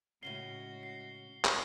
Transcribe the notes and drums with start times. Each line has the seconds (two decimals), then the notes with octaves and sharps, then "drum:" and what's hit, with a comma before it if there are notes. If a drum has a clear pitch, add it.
0.23 A2 C#3 G#3 C#4 F#4 C7 G7
0.83 C7
1.45 drum: clap